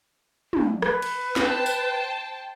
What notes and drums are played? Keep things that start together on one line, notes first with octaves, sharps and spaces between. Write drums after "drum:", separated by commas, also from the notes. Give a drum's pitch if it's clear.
drum: tom
B4, drum: rim click
drum: cymbal
C5 G5 A5, drum: snare
drum: tambourine